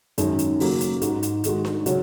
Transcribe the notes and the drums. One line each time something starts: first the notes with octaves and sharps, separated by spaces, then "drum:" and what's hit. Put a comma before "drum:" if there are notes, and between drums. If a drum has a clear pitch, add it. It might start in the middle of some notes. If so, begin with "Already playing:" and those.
F#2 D#3 G#3, drum: hi-hat
drum: hi-hat
C#3 F#3 A#3, drum: open hi-hat
drum: hi-hat
G#2 G#3 F#4, drum: hi-hat
drum: hi-hat
D#3 G#3 F#4, drum: hi-hat
drum: snare D4
C#3 F#3 C#4 F#4, drum: hi-hat